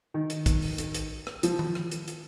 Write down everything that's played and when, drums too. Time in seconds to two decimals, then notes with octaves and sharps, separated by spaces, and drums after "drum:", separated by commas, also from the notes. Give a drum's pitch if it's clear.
0.14 D#3
0.30 drum: hi-hat
0.46 drum: kick, hi-hat
0.62 drum: open hi-hat
0.78 drum: hi-hat
0.95 drum: hi-hat
1.27 drum: rim click
1.43 F3, drum: hi-hat
1.59 drum: tom D#3
1.75 drum: rim click
1.91 drum: hi-hat
2.08 drum: hi-hat